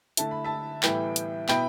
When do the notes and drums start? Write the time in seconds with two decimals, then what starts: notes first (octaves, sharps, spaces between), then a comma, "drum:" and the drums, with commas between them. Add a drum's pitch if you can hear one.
0.17 D3 A3 E4 A5, drum: hi-hat
0.31 B5
0.44 E5 A5
0.83 A2 E3 G3 B3 E4 G5 B5, drum: clap
1.16 drum: hi-hat
1.49 B2 B3 E4 G5 B5, drum: clap